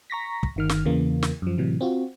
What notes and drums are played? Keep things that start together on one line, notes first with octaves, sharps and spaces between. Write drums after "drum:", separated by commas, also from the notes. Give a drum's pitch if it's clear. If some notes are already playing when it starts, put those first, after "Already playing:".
A#5 C#6 A#6 B6
drum: kick
G1 D#3 F6
drum: snare
E2 C#3 E3 A#3
drum: snare
F#2 F3
A2 C3 E3 F#3
C4 F4 F#4